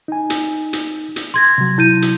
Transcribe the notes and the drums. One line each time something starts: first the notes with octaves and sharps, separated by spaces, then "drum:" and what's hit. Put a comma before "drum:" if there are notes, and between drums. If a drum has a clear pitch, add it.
D#4 G#5
drum: hi-hat
drum: hi-hat
drum: hi-hat
C6 G#6 A#6
C3 F#3
E4 G6 D#7
drum: hi-hat